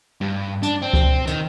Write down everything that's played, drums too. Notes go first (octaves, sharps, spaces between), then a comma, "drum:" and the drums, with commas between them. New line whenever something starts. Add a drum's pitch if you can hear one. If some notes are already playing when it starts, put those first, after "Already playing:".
G2
D4, drum: hi-hat
C4
drum: kick C#2
D#3, drum: hi-hat